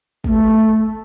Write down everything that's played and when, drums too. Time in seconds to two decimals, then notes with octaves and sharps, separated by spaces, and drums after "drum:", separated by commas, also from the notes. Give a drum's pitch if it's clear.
0.24 B3, drum: kick
0.28 A3